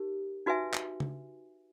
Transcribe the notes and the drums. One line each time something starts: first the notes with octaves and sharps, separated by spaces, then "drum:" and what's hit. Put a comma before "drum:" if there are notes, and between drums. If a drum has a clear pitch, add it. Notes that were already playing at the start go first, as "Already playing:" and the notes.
Already playing: D#4 G4 A#4
D#4 F#4 B4 E5 G#5
drum: clap
drum: tom C#3